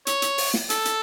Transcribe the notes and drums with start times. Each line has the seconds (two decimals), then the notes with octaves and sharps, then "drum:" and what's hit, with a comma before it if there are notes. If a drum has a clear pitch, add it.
0.07 C#5, drum: hi-hat
0.22 drum: hi-hat
0.38 drum: open hi-hat
0.54 drum: snare
0.70 A4, drum: hi-hat
0.85 drum: hi-hat